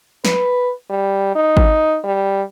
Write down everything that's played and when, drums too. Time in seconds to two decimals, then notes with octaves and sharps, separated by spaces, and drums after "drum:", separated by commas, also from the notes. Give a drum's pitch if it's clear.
0.25 B4, drum: snare
0.90 G3
1.36 D#4
1.57 drum: kick G#1
2.04 G3